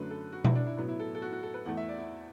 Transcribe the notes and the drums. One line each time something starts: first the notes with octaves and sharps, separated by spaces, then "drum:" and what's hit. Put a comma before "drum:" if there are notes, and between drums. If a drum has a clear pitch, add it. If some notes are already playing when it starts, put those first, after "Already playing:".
Already playing: F#2 D3 F#3 A3 B4
A4
F#4
E4, drum: tom B2
D4
E4
A2 F#3 B3
E4
A4
A4
F#4
F#4
A4
B4
E2 E3 A3 F#5
E5
D5
E4